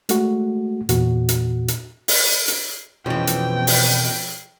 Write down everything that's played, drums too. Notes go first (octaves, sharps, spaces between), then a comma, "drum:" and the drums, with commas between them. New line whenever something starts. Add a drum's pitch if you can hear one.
G#3 A3 F#4, drum: hi-hat
E2 A#2 F#4, drum: hi-hat
drum: hi-hat
drum: hi-hat
drum: open hi-hat
drum: hi-hat
F2 B2 E3 F3 G#3 C#4 G5
drum: hi-hat
drum: open hi-hat